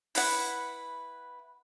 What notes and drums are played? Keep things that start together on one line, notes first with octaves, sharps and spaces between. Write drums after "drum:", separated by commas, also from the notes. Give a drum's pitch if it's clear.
E4 B4 F#5, drum: open hi-hat